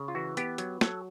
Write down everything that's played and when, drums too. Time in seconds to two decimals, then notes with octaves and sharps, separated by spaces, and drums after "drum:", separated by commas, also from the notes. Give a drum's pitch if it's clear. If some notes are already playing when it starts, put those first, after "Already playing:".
Already playing: C#3
0.08 F4
0.15 E3 F#4
0.37 B3 G4, drum: hi-hat
0.58 F#3, drum: hi-hat
0.81 F#3 A4, drum: snare